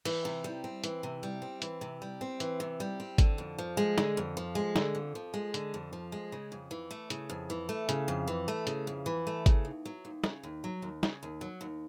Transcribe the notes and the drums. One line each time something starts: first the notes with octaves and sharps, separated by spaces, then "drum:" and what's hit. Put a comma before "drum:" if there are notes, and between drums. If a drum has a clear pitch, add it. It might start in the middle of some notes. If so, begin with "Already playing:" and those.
E3, drum: open hi-hat
C3
G3
C4
E3, drum: hi-hat
C3
G3
C4
E3, drum: hi-hat
C3
G3
C4
E3, drum: hi-hat
C3
G3
C4
D3, drum: kick G#1, hi-hat
F2
F3
G#3
D3, drum: snare
F2
F3
G#3
D3, drum: snare
F2
F3
G#3
D3, drum: hi-hat
F2
F3
G#3
C#3
F2
E3
A3
C#3, drum: hi-hat
F2
E3
A3
C#3, drum: hi-hat
F2
E3
A3
C#3, drum: hi-hat
F2
E3
A3
C#3, drum: kick G#1, hi-hat
D#2
F#3
D#2
C#3, drum: snare
D#2
F#3
D#2
C#3, drum: snare
D#2
F#3
D#2